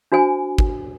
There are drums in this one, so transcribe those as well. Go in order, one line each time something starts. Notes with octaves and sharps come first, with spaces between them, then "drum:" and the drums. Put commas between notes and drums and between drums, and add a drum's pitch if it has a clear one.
D4 F#4 C5 G#5
drum: kick